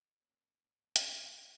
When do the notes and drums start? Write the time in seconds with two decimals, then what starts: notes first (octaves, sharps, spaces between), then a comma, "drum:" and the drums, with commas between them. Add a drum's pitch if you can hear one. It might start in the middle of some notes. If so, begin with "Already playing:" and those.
0.14 G#2 A#3 C#4
0.55 G#2 A#3 C#4
0.96 E2 B2, drum: hi-hat